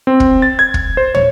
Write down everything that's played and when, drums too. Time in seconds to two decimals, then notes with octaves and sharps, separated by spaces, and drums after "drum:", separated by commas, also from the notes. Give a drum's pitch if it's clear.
0.07 C4
0.20 drum: kick
0.42 A6
0.59 G#6
0.74 drum: kick
0.97 C5
1.15 C#5, drum: tom